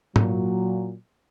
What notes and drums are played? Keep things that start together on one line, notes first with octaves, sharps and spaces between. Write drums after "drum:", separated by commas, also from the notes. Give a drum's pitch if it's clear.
A#2 F#3, drum: tom